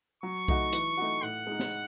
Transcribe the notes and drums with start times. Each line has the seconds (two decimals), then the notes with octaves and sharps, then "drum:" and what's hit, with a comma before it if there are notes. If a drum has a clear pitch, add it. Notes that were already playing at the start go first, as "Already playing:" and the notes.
0.23 F#3 C#6
0.48 A3 D#4 F#4, drum: kick B1
0.73 E3, drum: hi-hat
0.97 A3 D#4 F#4
1.22 A2 F#5
1.47 G#3 D#4
1.59 drum: snare